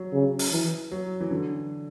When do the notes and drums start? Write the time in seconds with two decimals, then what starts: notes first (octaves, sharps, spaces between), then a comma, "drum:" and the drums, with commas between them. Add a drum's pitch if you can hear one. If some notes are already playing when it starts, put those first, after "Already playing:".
Already playing: F#3
0.13 C#3
0.39 drum: open hi-hat
0.52 E3
0.91 F#3
1.21 E3
1.31 D3